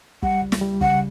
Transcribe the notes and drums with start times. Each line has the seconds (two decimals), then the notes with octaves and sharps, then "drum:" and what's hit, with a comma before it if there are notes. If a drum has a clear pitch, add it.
0.22 G3 F#5, drum: kick
0.42 C#2
0.52 drum: snare
0.61 G3
0.81 C#3 F#5, drum: kick